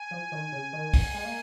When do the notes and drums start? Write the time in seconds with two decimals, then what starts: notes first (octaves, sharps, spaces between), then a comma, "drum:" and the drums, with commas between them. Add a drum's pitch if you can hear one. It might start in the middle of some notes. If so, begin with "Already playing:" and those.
Already playing: G#5
0.11 F3
0.32 D#3
0.52 C#3
0.73 D#3
0.94 drum: kick, open hi-hat
1.14 G#3
1.25 A#3